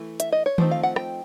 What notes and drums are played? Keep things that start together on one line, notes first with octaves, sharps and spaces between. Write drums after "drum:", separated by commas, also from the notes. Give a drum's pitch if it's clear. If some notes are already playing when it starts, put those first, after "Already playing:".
Already playing: E3 A3
E5, drum: hi-hat
D#5
C#5
F3 A3 C4 D#4 C5, drum: tom D#3
F5
F#5
G5, drum: rim click